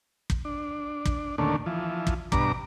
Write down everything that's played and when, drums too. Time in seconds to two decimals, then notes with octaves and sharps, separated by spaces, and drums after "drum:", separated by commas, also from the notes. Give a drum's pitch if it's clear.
0.30 drum: kick
0.45 D4
1.05 drum: kick
1.38 D#2 A#2 D3 A3 C#4 D4
1.66 E3 F3
2.07 drum: kick
2.32 G2 B2 D4 A#5 D6, drum: kick